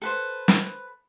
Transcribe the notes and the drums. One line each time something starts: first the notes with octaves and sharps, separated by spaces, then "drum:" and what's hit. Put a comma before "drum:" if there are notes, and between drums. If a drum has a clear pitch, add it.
A4 B4 C5
drum: snare